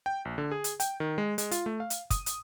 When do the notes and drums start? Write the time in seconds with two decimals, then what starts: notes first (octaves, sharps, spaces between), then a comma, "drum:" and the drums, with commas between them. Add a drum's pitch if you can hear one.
0.06 G5
0.25 A#1
0.38 D3
0.51 G#4
0.64 drum: hi-hat
0.80 G5, drum: hi-hat
1.00 D#3
1.18 G#3
1.38 G#3, drum: hi-hat
1.51 F4, drum: hi-hat
1.66 A3
1.80 F5
1.90 drum: hi-hat
2.10 D#6, drum: kick, hi-hat
2.26 drum: hi-hat